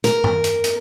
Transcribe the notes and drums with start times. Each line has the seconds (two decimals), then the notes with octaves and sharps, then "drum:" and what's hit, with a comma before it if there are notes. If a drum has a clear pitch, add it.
0.04 A#4, drum: hi-hat
0.24 drum: tom G2
0.44 drum: hi-hat
0.64 drum: hi-hat